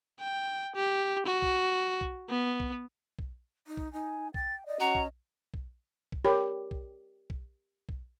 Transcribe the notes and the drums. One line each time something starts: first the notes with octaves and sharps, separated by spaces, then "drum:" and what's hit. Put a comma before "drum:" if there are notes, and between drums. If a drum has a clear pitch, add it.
G5
G4
F#4
drum: kick B1
drum: kick B1
B3
drum: kick B1
drum: kick B1
D#4
drum: kick B1
D#4 G#5
G5 A6, drum: kick B1
D5 D#5
C#4 F#4 A#5
drum: kick B1
drum: kick B1
drum: kick B1
G4 A#4 C#5 B5
drum: kick B1
drum: kick B1
drum: kick B1